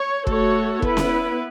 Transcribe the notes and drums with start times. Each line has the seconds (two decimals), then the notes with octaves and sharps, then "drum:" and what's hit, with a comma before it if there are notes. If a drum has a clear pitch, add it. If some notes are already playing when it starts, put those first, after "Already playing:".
Already playing: C#5
0.27 A3 F#4 A4 C#5, drum: kick
0.82 B3 E4 B4, drum: kick
0.97 drum: snare C#4